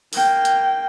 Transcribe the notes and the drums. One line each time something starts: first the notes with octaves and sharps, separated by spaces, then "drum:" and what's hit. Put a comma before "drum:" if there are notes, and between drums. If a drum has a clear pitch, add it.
A#3 G5, drum: open hi-hat
drum: hi-hat